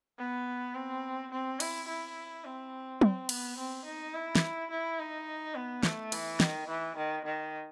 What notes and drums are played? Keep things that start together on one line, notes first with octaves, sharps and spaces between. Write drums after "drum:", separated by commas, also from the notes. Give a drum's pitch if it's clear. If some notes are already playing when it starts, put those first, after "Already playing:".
B3
C4
C4
E4, drum: cymbal
E4
C4
C4, drum: tom
B3, drum: cymbal
C4
D#4
E4
drum: snare
E4
D#4
B3
A3, drum: snare
E3, drum: cymbal
D#3, drum: snare
E3
D#3
D#3